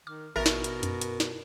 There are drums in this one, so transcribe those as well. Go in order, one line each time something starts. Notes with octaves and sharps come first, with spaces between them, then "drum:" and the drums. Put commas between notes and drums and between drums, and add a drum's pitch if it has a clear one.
D#3 D6 F6
A1 B2 A#4 E5 A6
drum: snare
drum: hi-hat
F#2, drum: hi-hat
drum: hi-hat
drum: snare